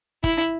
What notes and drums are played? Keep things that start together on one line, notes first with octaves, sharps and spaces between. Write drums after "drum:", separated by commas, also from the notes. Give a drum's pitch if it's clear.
E4, drum: kick, hi-hat
drum: hi-hat